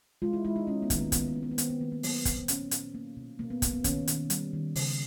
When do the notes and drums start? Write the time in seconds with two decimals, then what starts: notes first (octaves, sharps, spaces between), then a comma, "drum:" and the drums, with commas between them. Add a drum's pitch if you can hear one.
0.22 G#3 F4
0.33 E4
0.44 G#3 E4
0.56 D#4
0.67 G#3 C#4
0.82 B3
0.90 D#3, drum: kick, hi-hat
0.98 A#3
1.12 D#3 B3, drum: kick, hi-hat
1.28 B3
1.36 A#3
1.43 B3
1.51 C4
1.58 D#3 B3, drum: hi-hat
1.69 B3
1.80 D#3 A#3
1.92 A#3
2.03 F#3 B3, drum: open hi-hat
2.25 A#2 C4, drum: kick, hi-hat
2.48 A#2 C#4, drum: hi-hat
2.71 A#2, drum: hi-hat
2.95 A#3
3.17 B2
3.39 B2 A#3
3.50 B3
3.62 B2 A#3, drum: kick, hi-hat
3.73 B3
3.84 D#3 C#4, drum: kick, hi-hat
4.07 D#3, drum: hi-hat
4.30 G3, drum: hi-hat
4.53 D#3
4.76 C#3, drum: open hi-hat